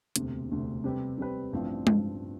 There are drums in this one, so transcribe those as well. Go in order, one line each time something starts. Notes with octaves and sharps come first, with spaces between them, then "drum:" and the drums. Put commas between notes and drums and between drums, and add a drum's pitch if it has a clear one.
E1 D2 C3, drum: hi-hat
E1 D2 C3
C3 G3 C4 G4 B4
C3 G3 C4 G4 B4
A1 G2 F3 C4 F4
A1 G2 F3 C4 F4, drum: tom G#3